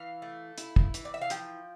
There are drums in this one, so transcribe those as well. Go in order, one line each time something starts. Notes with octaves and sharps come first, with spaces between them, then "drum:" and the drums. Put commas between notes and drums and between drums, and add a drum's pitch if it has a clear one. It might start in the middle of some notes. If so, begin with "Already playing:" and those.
Already playing: E3 F5
A3
E4, drum: hi-hat
drum: kick
E3, drum: hi-hat
D5
E5
F5
F3 G5, drum: hi-hat